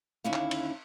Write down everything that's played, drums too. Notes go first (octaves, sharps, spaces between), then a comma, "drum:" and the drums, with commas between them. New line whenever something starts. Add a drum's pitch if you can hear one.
D#2 D3 C#4 E4 F5
drum: clap
drum: cymbal